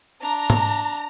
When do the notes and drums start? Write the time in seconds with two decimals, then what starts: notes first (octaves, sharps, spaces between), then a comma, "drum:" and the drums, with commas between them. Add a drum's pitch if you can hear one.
0.21 D4 A#5
0.50 drum: tom G#2